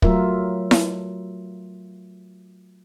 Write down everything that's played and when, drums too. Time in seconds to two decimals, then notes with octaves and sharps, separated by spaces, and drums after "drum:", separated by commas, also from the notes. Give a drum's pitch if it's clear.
0.02 F#3 A3 F4 A#4 E5, drum: kick
0.71 drum: snare E4